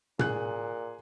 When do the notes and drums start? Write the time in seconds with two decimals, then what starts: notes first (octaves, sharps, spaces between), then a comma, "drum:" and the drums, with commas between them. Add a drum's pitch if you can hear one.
0.19 A#2 G#4 F#6, drum: tom